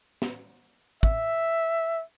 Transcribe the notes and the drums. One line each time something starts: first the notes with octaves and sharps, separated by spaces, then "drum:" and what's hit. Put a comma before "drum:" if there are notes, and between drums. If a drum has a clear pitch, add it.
drum: snare
E5, drum: kick